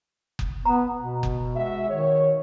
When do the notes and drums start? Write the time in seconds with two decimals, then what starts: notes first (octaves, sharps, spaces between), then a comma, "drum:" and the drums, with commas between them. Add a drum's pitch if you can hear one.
0.39 drum: kick F#1
0.65 B3 A#5
0.97 B2
1.23 drum: kick F#1
1.54 G#3 F#4 E5
1.89 D#3 C#5